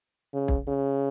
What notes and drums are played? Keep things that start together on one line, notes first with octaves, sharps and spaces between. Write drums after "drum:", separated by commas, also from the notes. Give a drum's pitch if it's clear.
C#3
drum: kick
C#3